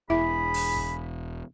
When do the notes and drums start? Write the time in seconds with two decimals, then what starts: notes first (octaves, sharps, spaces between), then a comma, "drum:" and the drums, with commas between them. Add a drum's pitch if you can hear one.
0.10 E1 E4 G#4 E5 B5
0.54 drum: open hi-hat
0.76 drum: kick